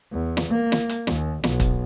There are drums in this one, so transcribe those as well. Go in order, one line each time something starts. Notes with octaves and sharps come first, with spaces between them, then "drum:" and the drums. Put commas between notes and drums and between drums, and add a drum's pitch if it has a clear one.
E2
drum: snare
A#3
drum: snare
drum: hi-hat
D#2, drum: snare
B1, drum: snare
drum: kick, hi-hat